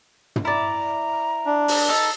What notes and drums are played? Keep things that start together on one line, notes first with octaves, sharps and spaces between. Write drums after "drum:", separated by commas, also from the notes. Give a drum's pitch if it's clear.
drum: tom
E4 D5 A#5
D4
drum: open hi-hat
D#4 A4 E6